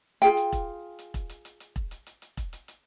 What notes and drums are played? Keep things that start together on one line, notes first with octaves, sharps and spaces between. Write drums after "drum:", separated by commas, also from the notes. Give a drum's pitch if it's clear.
F4 G#4 G5, drum: hi-hat
drum: hi-hat
drum: kick E1, hi-hat
drum: hi-hat
drum: kick E1, hi-hat
drum: hi-hat
drum: hi-hat
drum: hi-hat
drum: kick E1
drum: hi-hat
drum: hi-hat
drum: hi-hat
drum: kick E1, hi-hat
drum: hi-hat
drum: hi-hat